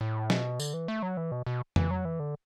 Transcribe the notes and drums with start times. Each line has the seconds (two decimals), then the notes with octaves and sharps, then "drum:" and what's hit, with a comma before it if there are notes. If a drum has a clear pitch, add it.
0.01 A2
0.30 B2, drum: snare
0.60 D3, drum: tambourine
0.73 E3
0.88 A3
1.03 F#3
1.17 E3
1.32 B2
1.46 B2
1.76 E3, drum: tom F2
1.91 F#3
2.05 E3
2.20 D3